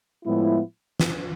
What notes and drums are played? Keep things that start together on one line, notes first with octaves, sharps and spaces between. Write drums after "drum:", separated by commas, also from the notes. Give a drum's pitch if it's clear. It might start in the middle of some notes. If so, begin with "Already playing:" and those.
A2 F3 G#3 B3 E4
drum: snare